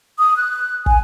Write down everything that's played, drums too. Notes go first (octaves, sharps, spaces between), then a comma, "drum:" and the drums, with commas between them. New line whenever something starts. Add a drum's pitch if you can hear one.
D#6
F#6
G#5, drum: kick